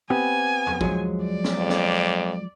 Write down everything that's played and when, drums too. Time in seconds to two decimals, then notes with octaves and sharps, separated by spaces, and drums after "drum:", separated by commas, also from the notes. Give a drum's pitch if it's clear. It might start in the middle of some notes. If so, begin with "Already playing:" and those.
0.10 B3 C4 G4 G#5
0.67 drum: tom E2
0.81 F3 F#3 G#3, drum: kick
1.24 D5
1.44 drum: snare
1.57 F2
1.70 drum: snare